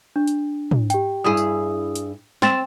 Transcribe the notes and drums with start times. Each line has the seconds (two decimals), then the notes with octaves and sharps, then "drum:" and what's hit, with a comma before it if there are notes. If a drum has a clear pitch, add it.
0.16 D4
0.27 drum: hi-hat
0.71 drum: tom
0.90 G4 G5, drum: hi-hat
1.24 G2 E4 G#4 D#6
1.37 drum: tambourine
1.95 drum: hi-hat
2.42 C4 C6 A6 E7, drum: snare